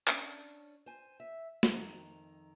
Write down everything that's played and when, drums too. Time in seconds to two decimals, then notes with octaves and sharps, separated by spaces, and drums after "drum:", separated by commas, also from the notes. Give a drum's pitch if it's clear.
0.08 C#4 D4, drum: clap
0.86 C5 G#5
1.20 E5
1.63 F2 D#3 A#5, drum: snare